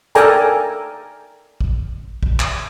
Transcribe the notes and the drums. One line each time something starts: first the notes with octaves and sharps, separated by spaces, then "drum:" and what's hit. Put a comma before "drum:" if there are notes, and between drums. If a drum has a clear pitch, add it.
A4 A#4 D5 G5 G#5 A#5, drum: hi-hat
drum: kick A1
drum: kick A1
drum: clap